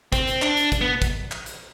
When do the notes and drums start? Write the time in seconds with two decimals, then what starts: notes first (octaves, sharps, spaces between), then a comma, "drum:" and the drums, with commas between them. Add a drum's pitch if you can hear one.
0.13 C4, drum: kick, hi-hat
0.27 drum: hi-hat
0.42 D4, drum: clap
0.57 drum: hi-hat
0.72 drum: kick, hi-hat
0.81 B3
1.02 drum: kick, hi-hat
1.31 drum: clap
1.46 drum: hi-hat